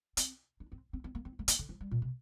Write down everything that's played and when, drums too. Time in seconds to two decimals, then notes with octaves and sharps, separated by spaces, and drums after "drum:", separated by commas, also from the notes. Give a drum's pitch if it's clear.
0.17 C4, drum: hi-hat
0.60 D4
0.72 C4
0.93 C4
1.04 C4
1.15 A#3
1.25 C4
1.39 A3
1.48 A#3, drum: hi-hat
1.59 D3
1.69 F3
1.80 G3
1.91 A#2
2.02 C3